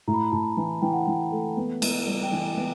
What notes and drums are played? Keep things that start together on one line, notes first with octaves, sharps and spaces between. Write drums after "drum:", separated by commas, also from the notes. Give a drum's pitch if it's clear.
A2 A#5
B5
A#5
A2 A5
E3 G#5
E3 G5
F#5
E3 G5
A3
B3
B3, drum: cymbal
G3
G5
E3 G#5
B3